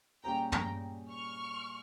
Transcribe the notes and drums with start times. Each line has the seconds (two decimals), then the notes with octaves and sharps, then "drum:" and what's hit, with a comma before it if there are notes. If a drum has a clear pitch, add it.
0.23 A#2 G3 C#4 G#4 G5 A#5
0.52 G5 A#5, drum: tom
1.10 C#6 F6